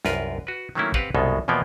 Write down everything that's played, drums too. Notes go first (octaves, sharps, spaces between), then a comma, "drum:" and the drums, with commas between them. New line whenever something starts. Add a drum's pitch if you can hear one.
C2 F#2 F4 A#4 B4, drum: snare
F#4 B4
D#3 F#3 A3 A#3 C#4 E4
C4 G4 B4 F5 F#5, drum: kick
C2 F#2 B2 G#3 F4 A4
E2 B2 F3 A#3 B3 G5